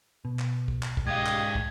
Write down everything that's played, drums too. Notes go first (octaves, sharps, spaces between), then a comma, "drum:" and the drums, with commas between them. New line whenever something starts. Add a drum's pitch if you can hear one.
B2
drum: clap
drum: kick
drum: clap
drum: kick
G#2 G4 D#5 F5 G#6
drum: clap
drum: kick